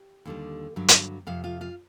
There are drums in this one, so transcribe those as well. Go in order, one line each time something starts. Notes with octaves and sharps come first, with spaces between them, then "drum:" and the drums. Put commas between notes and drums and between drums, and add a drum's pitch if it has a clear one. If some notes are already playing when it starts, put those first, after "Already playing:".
Already playing: G4
D#2 D3 G3
G2 D3 F#3
drum: hi-hat
F2 C3 F5
F4 F5
F4 F5